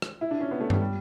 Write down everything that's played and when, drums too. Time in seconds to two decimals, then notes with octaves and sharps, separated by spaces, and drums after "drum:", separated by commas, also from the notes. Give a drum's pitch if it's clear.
0.02 drum: rim click
0.21 E4
0.31 D4
0.41 C#4
0.51 B3
0.60 A3
0.70 G3, drum: tom G2
0.81 G3